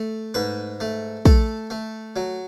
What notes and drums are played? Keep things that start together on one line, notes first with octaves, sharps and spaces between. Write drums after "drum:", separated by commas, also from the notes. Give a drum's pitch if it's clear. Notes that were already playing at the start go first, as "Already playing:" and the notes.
Already playing: A3
G#2 B4
A3
A3 A4, drum: kick
A3
F#3